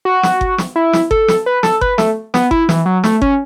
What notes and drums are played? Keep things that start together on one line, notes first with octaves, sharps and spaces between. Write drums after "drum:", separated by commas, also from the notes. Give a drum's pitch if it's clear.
F#4
drum: snare
drum: kick G1
drum: snare
E4
drum: snare
A4, drum: kick G1
drum: snare
B4
A4, drum: snare
B4, drum: kick G1
A3, drum: snare
B3, drum: snare
E4, drum: kick G1
E3, drum: snare
F#3
A3, drum: snare
C#4, drum: kick G1